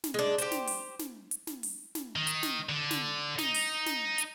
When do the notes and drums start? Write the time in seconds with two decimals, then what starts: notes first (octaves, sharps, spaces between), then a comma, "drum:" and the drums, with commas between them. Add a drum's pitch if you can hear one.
0.04 drum: snare
0.14 G#3 D4
0.38 G4 C5, drum: hi-hat
0.51 drum: snare
0.67 drum: open hi-hat
0.99 drum: snare
1.31 drum: hi-hat
1.47 drum: snare
1.63 drum: open hi-hat
1.95 drum: snare
2.16 D#3
2.27 drum: hi-hat
2.43 drum: snare
2.69 D3
2.91 drum: snare
3.38 D#4, drum: snare
3.54 drum: open hi-hat
3.86 drum: snare
4.18 drum: hi-hat